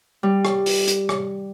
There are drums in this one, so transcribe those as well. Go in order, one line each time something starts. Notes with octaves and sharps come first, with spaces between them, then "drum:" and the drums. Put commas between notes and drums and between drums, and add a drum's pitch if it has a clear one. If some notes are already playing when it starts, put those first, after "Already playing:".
G3
drum: rim click
drum: open hi-hat
drum: hi-hat
drum: rim click